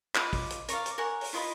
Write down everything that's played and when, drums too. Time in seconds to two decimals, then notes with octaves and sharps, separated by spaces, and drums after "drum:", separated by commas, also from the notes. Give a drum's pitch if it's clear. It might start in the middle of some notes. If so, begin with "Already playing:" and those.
0.15 F4 D#5 B5 D6, drum: clap
0.33 drum: kick, open hi-hat
0.50 drum: hi-hat
0.68 A#4 C#5 D5 F5, drum: hi-hat
0.86 drum: hi-hat
0.98 A#4 C#5 F#5 G#5
1.21 drum: open hi-hat
1.33 E4 F4 D#5 B5